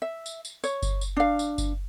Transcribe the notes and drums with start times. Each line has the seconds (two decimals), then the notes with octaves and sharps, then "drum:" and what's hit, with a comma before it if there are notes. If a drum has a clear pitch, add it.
0.02 E5
0.26 drum: tambourine
0.45 drum: tambourine
0.64 C#5, drum: tambourine
0.82 drum: kick F#1, tambourine
1.01 drum: tambourine
1.17 D4 F5
1.39 drum: tambourine
1.58 drum: kick F#1, tambourine